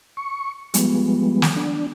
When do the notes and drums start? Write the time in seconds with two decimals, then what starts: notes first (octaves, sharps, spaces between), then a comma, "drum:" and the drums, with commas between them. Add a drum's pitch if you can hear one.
0.17 C#6
0.74 F3 G3 G#3 B3, drum: hi-hat
1.42 drum: snare
1.57 D4